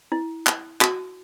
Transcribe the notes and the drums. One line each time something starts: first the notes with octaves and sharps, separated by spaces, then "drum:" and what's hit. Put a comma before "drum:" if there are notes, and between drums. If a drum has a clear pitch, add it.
E4
drum: clap
F#4, drum: clap